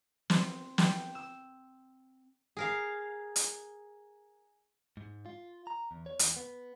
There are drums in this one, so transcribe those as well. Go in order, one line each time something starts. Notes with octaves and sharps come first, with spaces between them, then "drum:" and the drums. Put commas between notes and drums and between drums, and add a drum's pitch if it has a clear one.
C4, drum: snare
G5, drum: snare
E6
G#4 A#4 F5
drum: hi-hat
G#2
F4
A#5
E2
C#5
E2, drum: hi-hat
B3